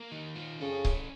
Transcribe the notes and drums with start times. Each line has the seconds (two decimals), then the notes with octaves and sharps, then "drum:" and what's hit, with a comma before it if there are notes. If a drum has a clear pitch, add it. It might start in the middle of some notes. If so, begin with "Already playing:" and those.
Already playing: A#3
0.12 D#3
0.35 F4
0.60 C#3 A4
0.85 C#4, drum: kick C#1